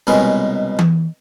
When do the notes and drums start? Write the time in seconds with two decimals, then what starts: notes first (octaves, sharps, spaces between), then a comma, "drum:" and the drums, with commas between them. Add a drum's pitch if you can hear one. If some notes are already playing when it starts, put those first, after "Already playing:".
0.07 C2 B2 G#3 C#4 A#4 B5
0.79 drum: tom E3